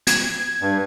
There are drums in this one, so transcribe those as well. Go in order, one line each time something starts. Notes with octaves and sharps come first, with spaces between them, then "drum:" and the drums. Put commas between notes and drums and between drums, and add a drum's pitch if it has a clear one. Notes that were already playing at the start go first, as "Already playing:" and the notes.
G#6, drum: hi-hat
G2